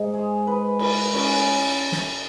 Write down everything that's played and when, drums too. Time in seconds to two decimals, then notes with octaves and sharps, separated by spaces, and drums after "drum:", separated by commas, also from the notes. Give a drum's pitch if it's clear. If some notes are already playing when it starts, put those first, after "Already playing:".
Already playing: G#2
0.14 G#3
0.47 B4
0.79 B4, drum: cymbal
1.14 C#4, drum: cymbal
1.92 drum: snare